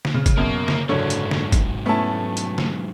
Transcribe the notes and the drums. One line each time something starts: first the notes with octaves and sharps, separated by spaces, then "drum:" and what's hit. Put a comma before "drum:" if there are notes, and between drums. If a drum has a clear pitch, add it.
drum: snare
C#3
drum: kick, hi-hat
F#2 B2 A#3
drum: snare
F#1 G#2 D3 F#3 C#5
drum: hi-hat
drum: snare
drum: kick, hi-hat
A3 B3 C#4 E4 A5
drum: hi-hat
drum: snare